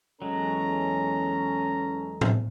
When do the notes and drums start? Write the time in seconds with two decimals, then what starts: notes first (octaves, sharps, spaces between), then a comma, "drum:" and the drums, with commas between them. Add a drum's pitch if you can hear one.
0.22 E2 F#3 G#3 C#4 A4 A#5
2.21 drum: tom